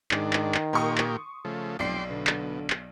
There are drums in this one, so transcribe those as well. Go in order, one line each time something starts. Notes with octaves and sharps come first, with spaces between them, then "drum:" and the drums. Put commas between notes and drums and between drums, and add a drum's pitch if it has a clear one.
G#2 D#3 D4, drum: clap
drum: clap
drum: clap
A#2 A#3 G4 C6 C#6 D#6
drum: clap
C#3 F3 A3
F1 B1 D5 G5 C6 D6 C7
B2 D3
drum: clap
drum: clap